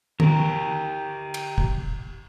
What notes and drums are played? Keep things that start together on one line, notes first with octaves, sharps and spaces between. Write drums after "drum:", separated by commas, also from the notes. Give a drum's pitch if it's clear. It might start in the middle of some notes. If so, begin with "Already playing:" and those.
G4 A#4, drum: tom
drum: cymbal
drum: kick